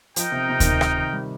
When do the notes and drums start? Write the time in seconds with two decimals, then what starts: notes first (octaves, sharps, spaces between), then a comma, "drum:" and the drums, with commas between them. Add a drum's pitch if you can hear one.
0.16 F3 D#4 A#4 D#5 G5, drum: hi-hat
0.32 C3
0.49 C3
0.60 D#3, drum: kick D2, hi-hat
0.65 C3
0.81 drum: rim click
0.97 D#3
1.13 G3